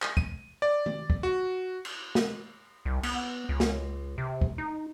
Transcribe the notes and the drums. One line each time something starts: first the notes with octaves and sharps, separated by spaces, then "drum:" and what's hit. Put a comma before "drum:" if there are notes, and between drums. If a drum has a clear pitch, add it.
drum: clap
D#7, drum: kick
D5
drum: tom D#3
drum: kick
F#4
drum: cymbal
drum: snare
C2
B3, drum: cymbal
C#2
drum: snare
C3
drum: kick
D#4